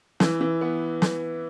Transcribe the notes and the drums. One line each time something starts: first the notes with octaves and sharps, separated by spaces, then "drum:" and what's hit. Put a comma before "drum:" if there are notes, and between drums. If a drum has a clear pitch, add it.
E3, drum: snare
E3
B3
drum: snare